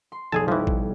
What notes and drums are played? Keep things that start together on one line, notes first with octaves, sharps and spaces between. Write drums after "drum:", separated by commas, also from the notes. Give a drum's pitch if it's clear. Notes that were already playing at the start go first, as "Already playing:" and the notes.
C6
F1 B1 G#4 G#5 A5 E6
E3 F3 G3 E4
drum: kick